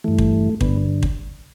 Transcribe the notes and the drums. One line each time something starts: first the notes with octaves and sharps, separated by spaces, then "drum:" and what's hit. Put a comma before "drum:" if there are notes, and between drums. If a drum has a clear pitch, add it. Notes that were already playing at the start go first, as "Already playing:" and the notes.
G2 E3 A3
drum: kick
G2 D3 B3, drum: kick
drum: kick